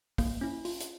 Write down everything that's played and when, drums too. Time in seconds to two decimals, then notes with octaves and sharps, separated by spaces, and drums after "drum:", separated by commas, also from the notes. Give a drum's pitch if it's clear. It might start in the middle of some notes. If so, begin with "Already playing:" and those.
0.18 A#3, drum: kick, open hi-hat
0.41 C#4 E4
0.65 F4, drum: open hi-hat
0.80 drum: hi-hat